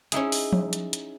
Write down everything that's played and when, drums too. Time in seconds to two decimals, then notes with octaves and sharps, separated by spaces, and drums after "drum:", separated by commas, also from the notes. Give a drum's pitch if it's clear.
0.12 C#4 D#4 E4 G#4, drum: hi-hat
0.32 drum: open hi-hat
0.53 drum: tom F3
0.73 drum: hi-hat
0.93 drum: hi-hat